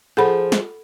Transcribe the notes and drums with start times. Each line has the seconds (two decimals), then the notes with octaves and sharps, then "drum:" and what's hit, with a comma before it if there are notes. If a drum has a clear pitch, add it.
0.17 F3 G#4 A4 F#5 B5
0.52 drum: snare